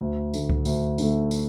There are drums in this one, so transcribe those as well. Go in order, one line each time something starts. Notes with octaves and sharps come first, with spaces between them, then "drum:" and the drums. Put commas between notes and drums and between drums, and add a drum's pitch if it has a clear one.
D2
D3 A3, drum: tambourine
drum: kick C#2
D2, drum: tambourine
D3 A3, drum: tambourine
drum: tambourine